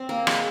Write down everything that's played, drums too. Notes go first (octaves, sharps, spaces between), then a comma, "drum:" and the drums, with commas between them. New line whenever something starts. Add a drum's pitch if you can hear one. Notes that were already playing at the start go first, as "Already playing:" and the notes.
Already playing: C4
A#3
G#3, drum: rim click